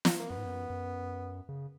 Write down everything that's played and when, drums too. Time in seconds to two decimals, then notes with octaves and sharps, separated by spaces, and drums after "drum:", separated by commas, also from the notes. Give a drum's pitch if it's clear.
0.05 drum: snare
0.19 A#3
0.30 F#2 B3
0.37 G#2
0.45 F#2
0.70 F#2
1.49 C#3